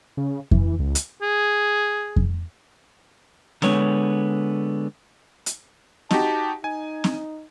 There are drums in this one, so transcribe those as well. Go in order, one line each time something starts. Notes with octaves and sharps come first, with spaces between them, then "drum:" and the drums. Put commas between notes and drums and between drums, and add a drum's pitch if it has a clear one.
C#3
E3, drum: kick F2
C#2
drum: hi-hat
G#4
drum: kick F2
D3 G#3 B3 C#5, drum: snare C4
drum: hi-hat
D#4 F#4 G4 A5, drum: snare C4
D#4 G#5
drum: snare C4